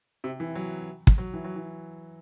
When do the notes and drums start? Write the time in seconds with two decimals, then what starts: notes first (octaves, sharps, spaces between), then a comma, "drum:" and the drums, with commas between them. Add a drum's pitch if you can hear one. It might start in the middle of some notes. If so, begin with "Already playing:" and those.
0.24 C3
0.40 E3
0.55 F#3
1.07 drum: kick
1.18 F#3
1.33 E3
1.44 F#3
1.56 E3